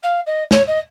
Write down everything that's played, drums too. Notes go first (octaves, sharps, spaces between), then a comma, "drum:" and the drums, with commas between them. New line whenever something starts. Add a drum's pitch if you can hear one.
F5
D#5
C#5, drum: snare
D#5